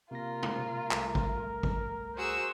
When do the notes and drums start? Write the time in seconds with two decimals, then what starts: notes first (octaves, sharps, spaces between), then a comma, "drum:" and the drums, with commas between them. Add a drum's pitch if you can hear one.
0.11 C3 A#3 F4 A#4 A#6
0.43 drum: tom
0.91 C2 A3, drum: clap
1.15 drum: kick G#1
1.63 drum: kick G#1
2.16 F#4 G#4 C5 E6